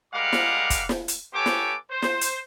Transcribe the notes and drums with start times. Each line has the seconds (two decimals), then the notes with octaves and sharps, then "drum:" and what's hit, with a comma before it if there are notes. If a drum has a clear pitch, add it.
0.14 G3 G#3 A#4 F5 F#5 D6
0.33 drum: snare
0.70 drum: kick, hi-hat
0.89 drum: snare
1.08 drum: hi-hat
1.34 B3 G4 A4 C#5 G#5 D6
1.46 drum: snare
1.91 C5
2.02 drum: snare
2.21 drum: hi-hat